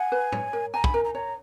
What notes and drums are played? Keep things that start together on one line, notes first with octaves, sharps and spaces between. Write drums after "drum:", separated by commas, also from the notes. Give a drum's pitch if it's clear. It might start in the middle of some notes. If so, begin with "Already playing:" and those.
Already playing: F#5 G#5
B4
C#5, drum: tom
A#4
G#5 A#5
B5, drum: kick
A#4 A#5
A#5
C#5 A#5